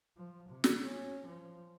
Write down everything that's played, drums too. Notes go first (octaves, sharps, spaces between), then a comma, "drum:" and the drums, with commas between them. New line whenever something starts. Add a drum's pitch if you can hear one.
F3
C3
drum: snare
C#4
F3